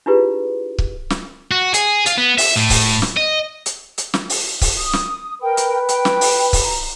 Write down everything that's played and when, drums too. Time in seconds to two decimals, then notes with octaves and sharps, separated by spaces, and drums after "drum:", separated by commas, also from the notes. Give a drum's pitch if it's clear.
0.06 D4 E4 F4 G4 G#4 B4
0.78 drum: kick C#1
1.10 drum: snare
1.51 F#4
1.74 G#4, drum: hi-hat
2.06 F4, drum: hi-hat
2.18 B3
2.38 E5, drum: open hi-hat
2.56 A2
2.70 drum: kick C#1, open hi-hat
3.02 drum: snare
3.17 D#5
3.66 drum: hi-hat
3.98 drum: hi-hat
4.14 drum: snare
4.30 drum: open hi-hat
4.61 drum: kick C#1, open hi-hat
4.77 D#6
4.93 drum: snare
5.42 A#4 B4 G5
5.57 drum: hi-hat
5.89 G5, drum: hi-hat
6.05 drum: snare
6.21 drum: open hi-hat
6.53 drum: kick C#1, open hi-hat
6.63 A#5